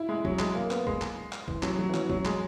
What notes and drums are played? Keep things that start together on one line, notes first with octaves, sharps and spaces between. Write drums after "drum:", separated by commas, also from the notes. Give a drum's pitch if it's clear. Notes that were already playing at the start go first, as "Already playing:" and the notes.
Already playing: E4
G#3
F#3, drum: kick
G#3, drum: clap
A#3
B3, drum: clap
G#3, drum: kick
drum: clap
drum: clap
E3, drum: kick
F#3, drum: clap
F#3
E3
F#3, drum: clap
F#3, drum: kick
G#3, drum: clap